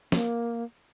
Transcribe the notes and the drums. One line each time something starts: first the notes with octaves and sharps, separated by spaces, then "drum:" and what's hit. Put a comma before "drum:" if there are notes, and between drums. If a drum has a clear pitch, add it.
A#3, drum: snare